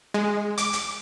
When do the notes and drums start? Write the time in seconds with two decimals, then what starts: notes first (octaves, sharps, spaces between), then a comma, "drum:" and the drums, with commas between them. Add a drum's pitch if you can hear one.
0.14 G#3
0.58 D6, drum: hi-hat
0.73 drum: hi-hat